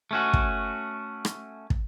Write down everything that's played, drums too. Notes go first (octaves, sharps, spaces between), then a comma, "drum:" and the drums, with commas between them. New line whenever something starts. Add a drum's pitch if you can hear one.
A3 C#4 F#4
drum: kick
drum: rim click
drum: kick